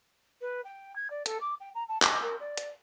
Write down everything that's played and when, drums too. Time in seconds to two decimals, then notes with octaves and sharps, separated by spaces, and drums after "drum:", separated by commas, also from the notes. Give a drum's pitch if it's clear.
0.41 B4
0.65 G5
0.96 G#6
1.10 D5
1.26 A4, drum: hi-hat
1.41 D6
1.60 G5
1.75 A#5
1.89 A5
2.02 D#5, drum: clap
2.22 A#4
2.40 D5
2.57 drum: hi-hat